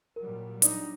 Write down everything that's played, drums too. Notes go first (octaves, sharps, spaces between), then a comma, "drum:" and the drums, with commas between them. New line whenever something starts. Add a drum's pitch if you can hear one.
A#2 F#3 G3 A#4
D4 D#4 D5, drum: hi-hat